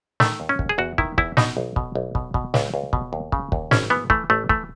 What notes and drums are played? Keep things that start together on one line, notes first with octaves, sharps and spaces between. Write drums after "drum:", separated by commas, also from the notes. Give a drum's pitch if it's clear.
D#3 A3, drum: snare
D#2
C#4
D#2, drum: kick
G#4
E2 F#4
D#3 E4, drum: kick
E2 E4, drum: kick
B2 D#4, drum: snare
B1
B2, drum: kick
B1
B2, drum: kick
B2, drum: kick
C#2, drum: snare
C#2
B2, drum: kick
D#2
C#3, drum: kick
D#2, drum: kick
G#1 C#4, drum: snare
E3 B3
E3 A3, drum: kick
A1 A3
E3 A3, drum: kick